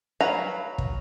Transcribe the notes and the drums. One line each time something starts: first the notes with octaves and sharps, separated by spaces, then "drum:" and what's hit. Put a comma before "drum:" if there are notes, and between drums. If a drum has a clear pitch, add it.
F#3 B4 F5 A#5
drum: kick